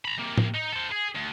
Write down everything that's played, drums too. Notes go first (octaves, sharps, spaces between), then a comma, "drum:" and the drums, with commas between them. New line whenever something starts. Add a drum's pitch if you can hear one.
A#5 B5
C3 A#3
drum: tom A2
D#4
A4 C5
G#4
D2